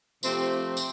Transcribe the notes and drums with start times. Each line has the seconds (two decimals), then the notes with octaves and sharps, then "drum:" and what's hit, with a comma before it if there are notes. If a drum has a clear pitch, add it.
0.23 C3 F3 A3 C4 G4, drum: tambourine
0.77 drum: tambourine